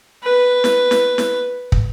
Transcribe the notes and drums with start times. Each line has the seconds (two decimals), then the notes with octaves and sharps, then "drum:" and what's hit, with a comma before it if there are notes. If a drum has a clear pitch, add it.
0.23 B4
0.64 drum: snare
0.91 drum: snare
1.18 drum: snare
1.72 drum: kick